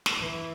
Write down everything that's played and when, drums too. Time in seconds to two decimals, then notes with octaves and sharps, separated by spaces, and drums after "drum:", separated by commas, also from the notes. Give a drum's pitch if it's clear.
0.06 drum: snare
0.19 E3